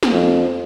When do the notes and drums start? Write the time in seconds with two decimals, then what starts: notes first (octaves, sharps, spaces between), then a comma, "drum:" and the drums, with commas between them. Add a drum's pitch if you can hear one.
0.03 drum: snare
0.12 F2